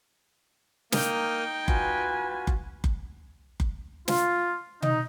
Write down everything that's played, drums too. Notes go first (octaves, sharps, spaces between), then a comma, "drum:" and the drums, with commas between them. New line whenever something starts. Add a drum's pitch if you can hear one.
A#3 D#4 G5 D#6 F6, drum: snare
F4 F#4 B4 G#5, drum: kick F#1
drum: kick F#1
drum: kick F#1
drum: kick F#1
F4, drum: snare
D#4, drum: tom B2